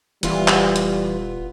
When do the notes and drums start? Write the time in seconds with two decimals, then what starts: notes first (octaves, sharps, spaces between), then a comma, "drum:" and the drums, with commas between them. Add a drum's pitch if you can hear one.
0.23 D#1 E3 G3 B3 F4, drum: hi-hat
0.48 drum: clap
0.76 drum: hi-hat